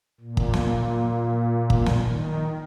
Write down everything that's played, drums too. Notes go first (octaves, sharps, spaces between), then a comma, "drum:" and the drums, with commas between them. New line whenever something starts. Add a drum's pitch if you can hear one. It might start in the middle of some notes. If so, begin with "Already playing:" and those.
A#2
drum: kick
drum: snare
drum: kick
drum: snare
D#3